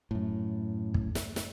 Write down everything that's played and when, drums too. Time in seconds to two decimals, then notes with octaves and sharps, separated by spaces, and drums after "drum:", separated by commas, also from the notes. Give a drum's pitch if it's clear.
0.11 F#2 A2
0.94 drum: kick
1.15 drum: snare
1.36 drum: snare